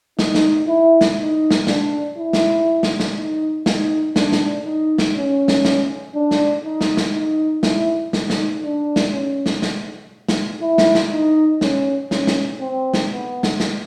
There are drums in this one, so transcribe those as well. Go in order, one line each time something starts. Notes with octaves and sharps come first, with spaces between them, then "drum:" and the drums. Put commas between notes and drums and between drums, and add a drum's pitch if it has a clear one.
D#4, drum: snare
drum: snare
E4
drum: snare
D#4
drum: snare
D4, drum: snare
E4
drum: snare
drum: snare
drum: snare
D#4
D#4, drum: snare
D4, drum: snare
drum: snare
D#4
drum: snare
C#4
drum: snare
drum: snare
D4
drum: snare
D#4
drum: snare
drum: snare
D#4
E4, drum: snare
D#4, drum: snare
drum: snare
D4
drum: snare
C#4
drum: snare
drum: snare
drum: snare
E4
drum: snare
drum: snare
D#4
C#4, drum: snare
C#4, drum: snare
drum: snare
C4
drum: snare
B3
drum: snare
drum: snare